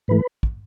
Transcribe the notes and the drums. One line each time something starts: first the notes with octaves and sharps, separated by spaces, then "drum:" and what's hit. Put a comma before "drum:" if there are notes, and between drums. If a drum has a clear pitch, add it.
G#2 E3 A3 B4
drum: kick